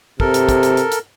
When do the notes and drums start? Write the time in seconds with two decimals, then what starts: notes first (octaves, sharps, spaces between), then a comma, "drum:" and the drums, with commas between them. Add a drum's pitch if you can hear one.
0.20 C3 A4 A#4, drum: kick
0.34 drum: hi-hat
0.49 drum: kick, hi-hat
0.63 drum: hi-hat
0.77 drum: hi-hat
0.92 drum: hi-hat